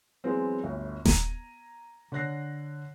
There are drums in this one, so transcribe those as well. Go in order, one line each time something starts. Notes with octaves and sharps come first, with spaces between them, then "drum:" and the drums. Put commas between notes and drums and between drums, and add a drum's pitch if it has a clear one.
E3 F#3 G#3 B3 C4
G1 D2 C#5
A#5 G#6 D#7, drum: snare D#1
D3 C#5 F#6 A#6 C7